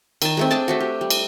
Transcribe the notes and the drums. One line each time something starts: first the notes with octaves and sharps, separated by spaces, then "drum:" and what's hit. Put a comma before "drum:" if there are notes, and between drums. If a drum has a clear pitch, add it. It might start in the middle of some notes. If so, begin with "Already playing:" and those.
D#3 A5, drum: cymbal
G#3 A3 C4
D4 G#4 D5 A5
A3 D4 F#4
G4
G3
drum: cymbal